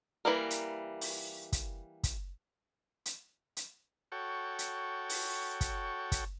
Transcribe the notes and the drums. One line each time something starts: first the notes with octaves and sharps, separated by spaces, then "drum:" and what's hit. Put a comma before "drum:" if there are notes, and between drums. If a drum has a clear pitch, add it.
E3 G3 A#3 A#4
drum: hi-hat
drum: open hi-hat
drum: kick, hi-hat
drum: kick, hi-hat
drum: hi-hat
drum: hi-hat
F#4 A4 C#5 G5
drum: hi-hat
drum: open hi-hat
drum: kick, hi-hat
drum: kick, hi-hat